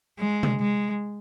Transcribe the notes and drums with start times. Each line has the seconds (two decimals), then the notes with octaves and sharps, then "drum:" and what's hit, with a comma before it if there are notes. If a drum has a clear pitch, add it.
0.19 G#3
0.43 drum: tom C3
0.61 G#3